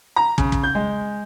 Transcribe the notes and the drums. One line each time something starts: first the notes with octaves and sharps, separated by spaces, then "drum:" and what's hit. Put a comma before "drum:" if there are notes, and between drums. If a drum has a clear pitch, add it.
A#5
C#3, drum: kick
drum: kick
G6
G#3